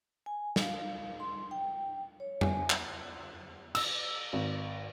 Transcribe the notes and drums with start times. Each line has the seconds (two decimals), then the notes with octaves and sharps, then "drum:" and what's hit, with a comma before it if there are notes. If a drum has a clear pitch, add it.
0.26 G#5
0.56 F5, drum: snare
1.20 C6
1.51 G5
2.20 C#5
2.41 G#5, drum: tom F2
2.70 drum: clap
3.75 E6, drum: cymbal
4.33 G#1